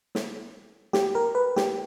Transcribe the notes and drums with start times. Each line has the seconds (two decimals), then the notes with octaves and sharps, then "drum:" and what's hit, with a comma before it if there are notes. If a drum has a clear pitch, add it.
0.15 drum: snare
0.93 G4, drum: snare
1.15 A#4
1.35 B4
1.56 G4, drum: snare